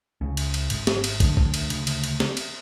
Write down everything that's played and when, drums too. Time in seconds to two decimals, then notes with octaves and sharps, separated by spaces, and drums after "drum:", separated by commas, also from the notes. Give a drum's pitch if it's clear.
0.21 C#2 C#3 C#4
0.37 drum: cymbal
0.54 drum: cymbal
0.70 G#1 G#2, drum: cymbal
0.87 drum: snare
1.04 drum: cymbal
1.20 D2 D3 D4, drum: kick, cymbal
1.37 drum: kick
1.54 drum: cymbal
1.70 D2 C#3, drum: cymbal
1.87 drum: cymbal
2.04 drum: cymbal
2.20 drum: snare
2.37 drum: cymbal